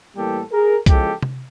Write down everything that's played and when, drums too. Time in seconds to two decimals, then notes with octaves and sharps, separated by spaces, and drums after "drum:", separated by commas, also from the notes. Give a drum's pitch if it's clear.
0.15 A2 E3 G3 A#3 G4 A4
0.51 G#4 A#4
0.86 E2 C#3 F3 G#3 G4 A4, drum: kick B1, hi-hat
1.23 drum: tom C3